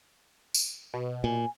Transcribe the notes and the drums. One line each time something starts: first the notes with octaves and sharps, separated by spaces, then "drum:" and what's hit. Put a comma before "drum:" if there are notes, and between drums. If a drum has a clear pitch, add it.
drum: tambourine
B2
A#2 G#5